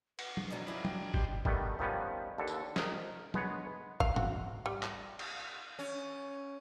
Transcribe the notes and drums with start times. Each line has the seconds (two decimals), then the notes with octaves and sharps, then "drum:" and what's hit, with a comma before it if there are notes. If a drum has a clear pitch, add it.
0.19 B4 F#5, drum: cymbal
0.37 drum: tom
0.50 B2 D3 F#3 D#5
0.67 F3 F#3 C#4 D4 E4 A#4 B5
0.85 G5, drum: tom
1.14 B3 G4 C5 G5, drum: kick
1.45 D#3 G3 A3 B3, drum: kick
1.79 D#3 F3 G3 B3 C#4
2.38 D#2 D3 A4
2.47 drum: tambourine
2.76 A#4 D#5, drum: snare
3.34 G#3 B3 B4 C#5, drum: tom
4.00 F5, drum: kick
4.16 F#4, drum: tom G#2
4.66 G3
4.83 drum: clap
5.19 drum: cymbal
5.79 C#4